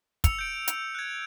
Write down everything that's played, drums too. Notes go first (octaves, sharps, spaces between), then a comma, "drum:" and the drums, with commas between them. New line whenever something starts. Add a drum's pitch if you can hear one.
E6 C#7 F7, drum: kick, hi-hat
G6 D7
drum: hi-hat
F#6 G#6